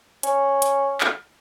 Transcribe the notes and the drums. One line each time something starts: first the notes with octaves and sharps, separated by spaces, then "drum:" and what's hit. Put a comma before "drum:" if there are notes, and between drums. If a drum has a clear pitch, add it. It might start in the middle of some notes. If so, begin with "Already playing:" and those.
C#4, drum: hi-hat
drum: hi-hat
drum: clap